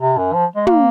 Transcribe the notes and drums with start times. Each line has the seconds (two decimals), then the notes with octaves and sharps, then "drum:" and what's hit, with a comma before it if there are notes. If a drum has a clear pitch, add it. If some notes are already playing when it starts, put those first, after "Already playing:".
0.01 C3
0.17 F#2
0.34 F3
0.55 G#3
0.67 A#3, drum: tom